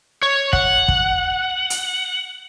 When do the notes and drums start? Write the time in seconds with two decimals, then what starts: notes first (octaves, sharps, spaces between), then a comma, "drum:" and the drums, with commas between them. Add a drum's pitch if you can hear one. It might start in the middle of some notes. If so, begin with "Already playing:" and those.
0.23 C#5
0.53 F#5, drum: kick
0.88 drum: kick
1.70 drum: hi-hat